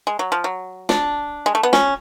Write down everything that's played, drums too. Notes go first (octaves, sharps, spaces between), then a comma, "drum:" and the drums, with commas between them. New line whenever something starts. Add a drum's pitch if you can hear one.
G#3
F#3
F3
F#3
D4, drum: snare
G#3
A3
B3
C#4, drum: snare